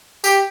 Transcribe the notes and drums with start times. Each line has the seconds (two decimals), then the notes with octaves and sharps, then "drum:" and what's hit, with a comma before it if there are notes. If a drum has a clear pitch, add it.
0.24 G4, drum: tambourine